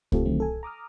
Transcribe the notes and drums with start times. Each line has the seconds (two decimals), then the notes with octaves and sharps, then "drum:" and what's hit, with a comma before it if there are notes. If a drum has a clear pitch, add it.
0.12 A3 C4 F4 G4 A4, drum: kick C2
0.25 D3 D#3 F#3 A3 C4
0.40 A4 G#5
0.63 A#5 D6 D#6 F6